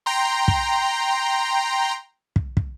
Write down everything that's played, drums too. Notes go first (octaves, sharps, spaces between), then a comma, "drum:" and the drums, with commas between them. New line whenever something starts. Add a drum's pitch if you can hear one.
G5 A#5 C6
drum: kick
drum: kick
drum: kick